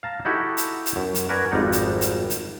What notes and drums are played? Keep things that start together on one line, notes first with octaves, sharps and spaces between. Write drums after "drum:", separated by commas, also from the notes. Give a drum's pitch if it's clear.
F5 A5 A#5
D#4 E4 F#4 G4 A4
drum: hi-hat
drum: hi-hat
F#2
drum: hi-hat
F#4 A#4 B4 D5 G#5
G#1 F2 G3 D#4 F#5 A#5
drum: hi-hat
drum: hi-hat
drum: hi-hat